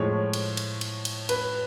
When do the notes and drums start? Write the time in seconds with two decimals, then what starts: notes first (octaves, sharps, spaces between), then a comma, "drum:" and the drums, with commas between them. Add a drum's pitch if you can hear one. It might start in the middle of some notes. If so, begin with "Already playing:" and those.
Already playing: A2 F3 G#3 C#5
0.33 drum: cymbal
0.57 drum: cymbal
0.81 drum: cymbal
1.05 drum: cymbal
1.29 B4, drum: cymbal